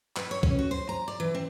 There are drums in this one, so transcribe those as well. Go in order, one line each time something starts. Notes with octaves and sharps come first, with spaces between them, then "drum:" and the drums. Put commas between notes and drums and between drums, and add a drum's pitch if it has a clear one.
B4, drum: clap
C#5
C#4, drum: kick C2
F#4
C5
A#5
D5
E3
C4